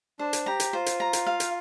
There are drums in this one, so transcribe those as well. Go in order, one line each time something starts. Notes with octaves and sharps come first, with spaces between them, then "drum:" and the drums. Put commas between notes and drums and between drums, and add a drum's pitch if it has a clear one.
D4 C5
drum: hi-hat
G4 A#5
drum: hi-hat
F4 C5
drum: hi-hat
A#5
drum: hi-hat
F5
drum: hi-hat